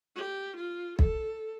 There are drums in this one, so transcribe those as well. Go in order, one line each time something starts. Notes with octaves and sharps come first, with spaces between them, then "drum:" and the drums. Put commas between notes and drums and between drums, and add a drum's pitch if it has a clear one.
G4
F4
A4, drum: kick